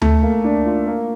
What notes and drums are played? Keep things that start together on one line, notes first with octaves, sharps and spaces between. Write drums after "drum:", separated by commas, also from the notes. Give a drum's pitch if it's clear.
A3, drum: tom D2
A#3
D4
F4
A#3